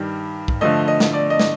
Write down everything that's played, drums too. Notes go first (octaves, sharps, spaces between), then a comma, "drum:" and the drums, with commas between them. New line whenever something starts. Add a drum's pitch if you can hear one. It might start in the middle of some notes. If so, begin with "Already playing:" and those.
Already playing: G2 D#3 G3
drum: kick
D3 F3 A3 D#5
D#5
drum: snare
D5
D#5
drum: snare